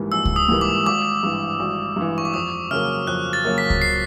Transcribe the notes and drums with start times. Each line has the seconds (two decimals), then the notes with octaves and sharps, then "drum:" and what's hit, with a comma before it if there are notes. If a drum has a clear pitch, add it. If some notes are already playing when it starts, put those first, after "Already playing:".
Already playing: A#1 G#2 E3 G3 A#3
0.12 A#1 E6
0.25 drum: kick C#2
0.36 D#6
0.49 G#2 E3 G3 A#3
0.61 D6
0.86 G#1 D6
1.23 G2 E3
1.60 G#1
1.96 G2 E3
2.18 C#6
2.25 D6
2.34 F2 D#6
2.71 C#3 F#3 A#3 F6
3.07 F2 F#6
3.33 A6
3.45 C#3 F#3 A#3
3.58 B6
3.70 drum: kick C#2
3.82 C7